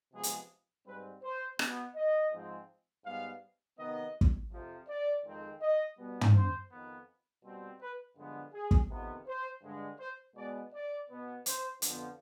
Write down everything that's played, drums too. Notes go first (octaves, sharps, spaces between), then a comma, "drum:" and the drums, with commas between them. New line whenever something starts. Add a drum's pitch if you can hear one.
C3 F3 G#3 B3 G#4
drum: hi-hat
G#2 G3 C4 B4
C5
B2 B3, drum: rim click
D#5
G#2 F3 G#3 C4
G#2 G3 B3 F5
C3 D#3 B3 D#5
drum: kick
F2 C3 F3
D5
F2 D#3 G#3 C4
D#5
B2 G3 B3
drum: tom
C5
F2 D#3 B3
B2 G3 C4
B4
G2 D3 F3 G#3 B3
G#4
drum: kick
F2 C3 D#3 B3
C5
G2 D3 G#3
C5
B2 G#3 B3 D5
D5
B2 B3
C5, drum: hi-hat
F2 D3 F3 B3, drum: hi-hat